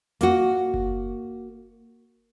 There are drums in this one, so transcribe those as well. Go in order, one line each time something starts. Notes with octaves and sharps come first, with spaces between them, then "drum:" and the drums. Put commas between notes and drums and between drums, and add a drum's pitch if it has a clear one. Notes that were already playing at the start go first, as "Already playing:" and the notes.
A#3 F#4, drum: hi-hat
drum: kick F#1